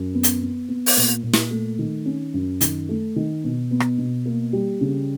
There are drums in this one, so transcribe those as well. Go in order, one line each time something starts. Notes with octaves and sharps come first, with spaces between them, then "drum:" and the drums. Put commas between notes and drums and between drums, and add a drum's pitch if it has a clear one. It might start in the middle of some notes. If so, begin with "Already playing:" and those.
Already playing: F#2
B3
drum: hi-hat
B3
B3
drum: open hi-hat
A#2
A#2
drum: snare
A3
D#3
C#4
F#2
D#3, drum: hi-hat
A3
D#3
B2
B3
drum: rim click
B2
A#3
G3
C#3